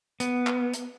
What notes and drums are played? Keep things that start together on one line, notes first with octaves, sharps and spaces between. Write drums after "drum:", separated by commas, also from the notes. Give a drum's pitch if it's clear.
B3, drum: hi-hat
drum: clap
drum: hi-hat